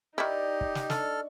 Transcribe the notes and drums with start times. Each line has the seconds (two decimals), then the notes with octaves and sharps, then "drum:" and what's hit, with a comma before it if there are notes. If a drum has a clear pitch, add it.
0.18 D#3 D#4 E4 G4 D5
0.61 drum: kick
0.75 drum: snare
0.90 D4 A4 C#6 F6, drum: snare